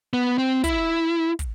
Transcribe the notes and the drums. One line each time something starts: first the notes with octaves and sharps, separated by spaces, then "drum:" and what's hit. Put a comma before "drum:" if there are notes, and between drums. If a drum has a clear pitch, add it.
B3
C4
E4, drum: kick, hi-hat
drum: kick, hi-hat